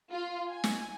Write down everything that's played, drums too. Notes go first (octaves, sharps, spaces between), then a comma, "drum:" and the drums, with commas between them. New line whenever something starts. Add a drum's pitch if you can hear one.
F4
G#5
drum: snare